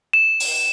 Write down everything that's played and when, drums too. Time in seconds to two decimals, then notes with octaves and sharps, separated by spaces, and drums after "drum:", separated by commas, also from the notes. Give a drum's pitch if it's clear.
0.13 E7
0.40 drum: open hi-hat